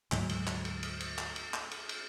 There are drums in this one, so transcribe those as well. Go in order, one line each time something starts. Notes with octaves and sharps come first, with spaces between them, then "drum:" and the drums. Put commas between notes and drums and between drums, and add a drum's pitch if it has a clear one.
D2 G#2 F#3 G#3, drum: clap
drum: cymbal
drum: clap
drum: cymbal
drum: cymbal
drum: cymbal
drum: clap
drum: cymbal
drum: clap
drum: cymbal
drum: cymbal